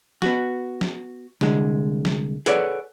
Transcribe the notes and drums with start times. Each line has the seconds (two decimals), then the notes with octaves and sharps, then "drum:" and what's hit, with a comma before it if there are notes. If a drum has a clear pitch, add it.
0.22 B3 F#4, drum: snare
0.81 drum: snare
1.41 C2 D3 G#3, drum: snare
2.05 drum: snare
2.46 G#4 A4 B4 C#5 D5 F#5, drum: hi-hat